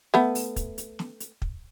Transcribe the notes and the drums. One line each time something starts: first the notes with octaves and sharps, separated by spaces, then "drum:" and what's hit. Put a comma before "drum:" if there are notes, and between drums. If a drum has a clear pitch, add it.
A3 B3, drum: snare
drum: open hi-hat
drum: kick, hi-hat
drum: hi-hat
drum: snare
drum: hi-hat
drum: kick